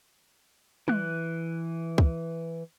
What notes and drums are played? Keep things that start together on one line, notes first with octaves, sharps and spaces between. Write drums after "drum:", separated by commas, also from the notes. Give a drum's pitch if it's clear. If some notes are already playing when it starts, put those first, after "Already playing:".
E3 F#6, drum: tom
drum: kick